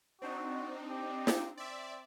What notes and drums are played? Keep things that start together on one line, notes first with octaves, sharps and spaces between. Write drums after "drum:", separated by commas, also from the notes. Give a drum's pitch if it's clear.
C4 D4 D#4 F#4
G4
drum: snare
C4 D5 E5